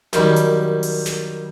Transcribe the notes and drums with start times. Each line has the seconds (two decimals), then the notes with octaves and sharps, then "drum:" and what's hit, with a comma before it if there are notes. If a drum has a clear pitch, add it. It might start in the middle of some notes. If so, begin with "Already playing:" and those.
0.13 F#2 D#3 G3, drum: snare
0.36 drum: hi-hat
0.83 drum: open hi-hat
1.06 drum: snare